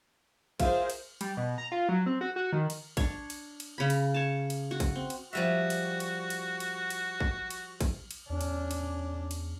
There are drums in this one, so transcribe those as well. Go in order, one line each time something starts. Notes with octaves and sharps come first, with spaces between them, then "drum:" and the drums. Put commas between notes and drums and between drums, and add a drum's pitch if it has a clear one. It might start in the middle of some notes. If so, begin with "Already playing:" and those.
F4 G#4 A#4 C5 E5 F5, drum: kick, cymbal
drum: cymbal
G3, drum: cymbal
B2
A#5
F4
F#3
C4
F#4
F#4
D#3
drum: cymbal
D4 C#5, drum: kick, cymbal
drum: cymbal
drum: cymbal
C#3 B5
drum: cymbal
C#5 A5
drum: cymbal
F#4
drum: kick, cymbal
C4
drum: cymbal
F3 G3 F#4 E5
drum: cymbal
drum: cymbal
drum: cymbal
drum: cymbal
drum: cymbal
drum: kick
drum: cymbal
drum: kick, cymbal
drum: cymbal
E2 C#4 D4
drum: cymbal
drum: cymbal
drum: cymbal